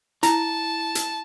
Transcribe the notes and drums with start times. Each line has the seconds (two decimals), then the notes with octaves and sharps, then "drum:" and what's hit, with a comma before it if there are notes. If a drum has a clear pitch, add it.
0.23 E4 A5 A#5, drum: hi-hat
0.95 drum: hi-hat